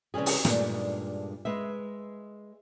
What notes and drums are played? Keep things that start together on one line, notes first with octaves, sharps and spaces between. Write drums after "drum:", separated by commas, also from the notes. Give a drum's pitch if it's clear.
C3 E3 G3 C#4 G#4
drum: open hi-hat
G2 A#2 G#3 A3 D4 D#4, drum: rim click
G#3 B4 E5